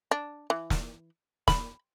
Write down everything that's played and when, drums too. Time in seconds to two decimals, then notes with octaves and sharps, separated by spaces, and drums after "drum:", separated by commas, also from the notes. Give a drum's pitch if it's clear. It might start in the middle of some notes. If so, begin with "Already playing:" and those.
0.11 D4
0.50 E3
0.70 drum: snare
1.48 B5, drum: snare